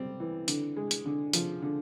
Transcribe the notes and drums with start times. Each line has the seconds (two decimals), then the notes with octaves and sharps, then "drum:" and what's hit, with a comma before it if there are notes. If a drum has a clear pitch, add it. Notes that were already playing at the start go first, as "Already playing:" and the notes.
Already playing: G3 C4
0.20 E3
0.48 D3, drum: hi-hat
0.76 G#3
0.91 drum: hi-hat
1.06 D3
1.33 F3, drum: hi-hat
1.62 D3